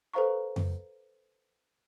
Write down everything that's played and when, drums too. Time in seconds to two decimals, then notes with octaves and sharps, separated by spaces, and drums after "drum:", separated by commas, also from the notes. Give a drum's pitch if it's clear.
0.13 A4 B4 C5 F5 A#5 C#6
0.56 drum: tom F2